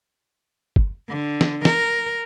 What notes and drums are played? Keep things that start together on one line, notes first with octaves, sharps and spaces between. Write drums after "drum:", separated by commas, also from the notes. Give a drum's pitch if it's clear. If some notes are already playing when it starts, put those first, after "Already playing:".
drum: kick
D3
drum: snare
A#4, drum: snare